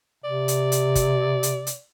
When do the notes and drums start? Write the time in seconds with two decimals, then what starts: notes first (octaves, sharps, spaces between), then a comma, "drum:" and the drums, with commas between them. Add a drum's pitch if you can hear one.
0.24 C3 D5
0.48 drum: hi-hat
0.72 drum: hi-hat
0.95 drum: kick G1, hi-hat
1.43 drum: hi-hat
1.67 drum: hi-hat